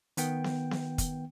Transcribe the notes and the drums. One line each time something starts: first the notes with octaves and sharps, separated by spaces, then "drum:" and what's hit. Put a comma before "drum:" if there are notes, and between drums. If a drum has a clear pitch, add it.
D#3 B3 G5, drum: hi-hat
drum: snare B3
drum: snare B3
drum: kick, hi-hat